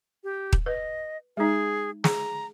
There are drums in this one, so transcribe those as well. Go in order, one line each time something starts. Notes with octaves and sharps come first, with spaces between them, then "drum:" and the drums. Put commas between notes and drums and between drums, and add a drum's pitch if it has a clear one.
G4
drum: kick D#1
B4 D#5
G#3 D#4 G#4
G#4 A#5, drum: snare